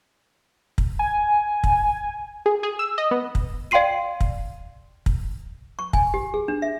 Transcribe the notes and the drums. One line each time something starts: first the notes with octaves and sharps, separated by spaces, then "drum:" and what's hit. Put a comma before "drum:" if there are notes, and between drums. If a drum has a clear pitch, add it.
drum: kick
G#5
drum: kick
G#4
G#4
E6
D#5
B3
drum: kick
D5 F5 G5 C6 C7 D#7
drum: kick
drum: kick
C#6
G#5, drum: kick
G4
G#4
D4
E5